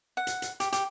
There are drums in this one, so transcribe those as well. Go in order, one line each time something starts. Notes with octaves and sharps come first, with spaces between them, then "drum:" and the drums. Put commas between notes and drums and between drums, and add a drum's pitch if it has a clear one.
F#5
drum: hi-hat
drum: hi-hat
G4, drum: hi-hat
G4, drum: hi-hat